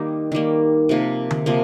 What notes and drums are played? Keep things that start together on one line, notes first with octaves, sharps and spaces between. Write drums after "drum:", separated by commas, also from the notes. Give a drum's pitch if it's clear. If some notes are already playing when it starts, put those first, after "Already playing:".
Already playing: D#3 G3 A#3 D#4
D#3 G3 A#3
C3 F3 A#3
drum: tom D3
C3 F3 A#3